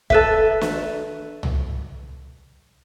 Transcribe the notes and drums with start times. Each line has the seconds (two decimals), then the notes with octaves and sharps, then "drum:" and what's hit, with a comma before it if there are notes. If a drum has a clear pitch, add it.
0.10 A4 B4 E5, drum: kick
0.61 drum: snare
1.43 drum: tom C2